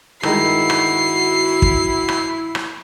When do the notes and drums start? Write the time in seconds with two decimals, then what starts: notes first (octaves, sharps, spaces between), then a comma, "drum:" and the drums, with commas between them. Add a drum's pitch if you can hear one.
0.23 G2 D#3 G#3 E4 F#4 C7, drum: rim click
0.70 drum: rim click
1.62 drum: kick
2.08 drum: rim click
2.55 drum: rim click